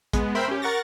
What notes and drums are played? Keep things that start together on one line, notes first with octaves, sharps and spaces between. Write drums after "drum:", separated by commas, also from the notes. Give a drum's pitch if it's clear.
G#3 B3, drum: kick, hi-hat
A#4 C5 E5 G5 B5 C6
C#4 G4
A#4 F#5 C#6 A6 A#6